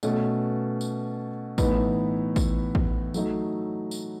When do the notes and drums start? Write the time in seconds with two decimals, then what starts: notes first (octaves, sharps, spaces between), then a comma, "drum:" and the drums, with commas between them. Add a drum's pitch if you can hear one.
0.03 B2 A3 C#4, drum: tambourine
0.81 drum: tambourine
1.58 A2 E3 B3 D#4, drum: kick A1, tambourine
2.36 drum: kick A1, tambourine
2.75 drum: kick A1
3.14 F#3 A3 D#4, drum: tambourine
3.91 drum: tambourine